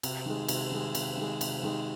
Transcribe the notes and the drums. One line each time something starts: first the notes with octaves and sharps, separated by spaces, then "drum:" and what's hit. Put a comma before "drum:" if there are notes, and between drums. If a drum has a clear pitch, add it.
C3, drum: cymbal
D#3 G#3
C3, drum: cymbal
D#3 G#3
C3, drum: cymbal
D#3 G#3
C3, drum: cymbal
D#3 G#3